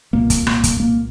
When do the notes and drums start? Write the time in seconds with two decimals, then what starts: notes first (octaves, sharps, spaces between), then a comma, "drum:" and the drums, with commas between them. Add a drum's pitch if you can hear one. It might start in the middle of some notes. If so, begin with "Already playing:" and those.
0.13 C2 A#2 A#3
0.30 drum: kick, hi-hat
0.47 A#3, drum: rim click
0.64 drum: kick, hi-hat
0.80 A#3